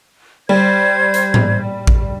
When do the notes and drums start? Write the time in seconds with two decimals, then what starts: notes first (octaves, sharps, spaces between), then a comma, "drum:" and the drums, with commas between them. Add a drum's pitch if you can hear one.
0.49 G3 C5 G#6
1.14 drum: hi-hat
1.34 drum: tom G#2
1.87 drum: kick A1